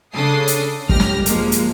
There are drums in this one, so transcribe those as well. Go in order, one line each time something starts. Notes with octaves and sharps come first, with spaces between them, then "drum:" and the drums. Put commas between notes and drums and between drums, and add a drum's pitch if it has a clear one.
C#3 D4 A4 D#6 C7
drum: hi-hat
G1 C#2 G4 F6 A#6, drum: kick
drum: snare
F3 G#3 A#3, drum: hi-hat
drum: hi-hat